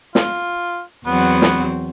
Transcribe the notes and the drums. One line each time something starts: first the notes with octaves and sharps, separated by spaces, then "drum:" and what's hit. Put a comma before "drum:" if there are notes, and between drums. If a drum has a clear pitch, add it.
F4, drum: snare
E2 F#3 B3 C4
drum: snare